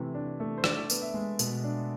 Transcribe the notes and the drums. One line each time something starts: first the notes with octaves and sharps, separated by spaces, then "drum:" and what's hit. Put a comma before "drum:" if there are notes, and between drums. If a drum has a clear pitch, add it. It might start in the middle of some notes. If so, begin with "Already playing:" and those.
Already playing: C3 E3 A3
D4
A3
C5
D4 D5, drum: rim click
B3, drum: tambourine
E5
G#3
B2, drum: tambourine
D4